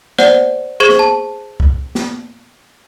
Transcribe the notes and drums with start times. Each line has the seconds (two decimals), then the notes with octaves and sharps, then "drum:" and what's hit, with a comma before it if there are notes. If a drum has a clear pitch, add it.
0.18 C5 D5 F#5, drum: snare
0.80 G#4 C5 C#6 G#6 E7 F#7
0.89 drum: snare
0.99 A5
1.60 drum: kick
1.95 drum: snare